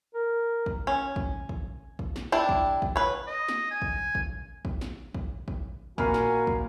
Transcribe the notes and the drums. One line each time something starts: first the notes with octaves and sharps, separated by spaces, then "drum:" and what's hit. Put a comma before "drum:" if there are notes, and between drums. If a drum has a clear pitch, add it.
A#4
drum: kick
C#4
drum: kick
drum: kick
drum: kick
drum: snare
D4 E4 G4
drum: kick
drum: kick
B4 C#5
D#5
drum: snare
G#5
drum: kick
drum: kick
drum: kick
drum: snare
drum: kick
drum: kick
A#2 F#4 A#4 F5 G#5 B5 F6, drum: kick
drum: snare
drum: kick